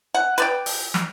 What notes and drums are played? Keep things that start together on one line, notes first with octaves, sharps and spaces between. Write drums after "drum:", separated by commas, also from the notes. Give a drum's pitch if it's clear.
F#5
B4 D5 G5, drum: hi-hat
drum: open hi-hat
drum: snare